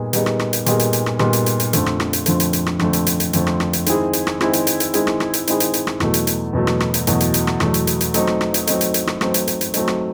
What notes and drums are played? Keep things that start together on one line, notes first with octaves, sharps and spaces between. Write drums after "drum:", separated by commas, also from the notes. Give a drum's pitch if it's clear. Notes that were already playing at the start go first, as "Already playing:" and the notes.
Already playing: A#2 G3 B3 D#4 G#4
A#2 G3 B3 D#4 G#4, drum: hi-hat
drum: rim click
drum: rim click
drum: hi-hat
A#2 G3 B3 D#4 G#4, drum: hi-hat
drum: hi-hat
drum: hi-hat
drum: rim click
A#2 G3 B3 D#4 G#4, drum: rim click
drum: hi-hat
drum: hi-hat
drum: hi-hat
F2 D3 F3 A3, drum: hi-hat
drum: rim click
drum: rim click
drum: hi-hat
F2 D3 F3 A3, drum: hi-hat
drum: hi-hat
drum: hi-hat
drum: rim click
F2 D3 F3 A3, drum: rim click
drum: hi-hat
drum: hi-hat
drum: hi-hat
F2 D3 F3 A3, drum: hi-hat
drum: rim click
drum: rim click
drum: hi-hat
D#3 G#3 C4 E4 G#4, drum: hi-hat
drum: hi-hat
drum: rim click
D#3 G#3 C4 E4 G#4, drum: rim click
drum: hi-hat
drum: hi-hat
drum: hi-hat
D#3 G#3 C4 E4 G#4, drum: hi-hat
drum: rim click
drum: rim click
drum: hi-hat
D#3 G#3 C4 E4 G#4, drum: hi-hat
drum: hi-hat
drum: hi-hat
drum: rim click
E2 B2 F#3 A3, drum: rim click
drum: hi-hat
drum: hi-hat
E2 B2 F#3 A3
drum: rim click
drum: rim click
drum: hi-hat
E2 B2 F#3 A3, drum: hi-hat
drum: hi-hat
drum: hi-hat
drum: rim click
E2 B2 F#3 A3, drum: rim click
drum: hi-hat
drum: hi-hat
drum: hi-hat
F#3 A3 C4 D#4, drum: hi-hat
drum: rim click
drum: rim click
drum: hi-hat
F#3 A3 C4 D#4, drum: hi-hat
drum: hi-hat
drum: hi-hat
drum: rim click
F#3 A3 C4 D#4, drum: rim click
drum: hi-hat
drum: hi-hat
drum: hi-hat
F#3 A3 C4 D#4, drum: hi-hat
drum: rim click